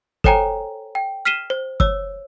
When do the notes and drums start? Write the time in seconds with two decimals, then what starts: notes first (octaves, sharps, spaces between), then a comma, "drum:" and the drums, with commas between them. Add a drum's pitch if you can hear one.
0.24 A4 C5 C#5 G5 G#5 A#5, drum: kick
0.95 G5
1.25 F6 B6 C7 D#7 E7 G7
1.50 C5
1.80 C#5 E6, drum: kick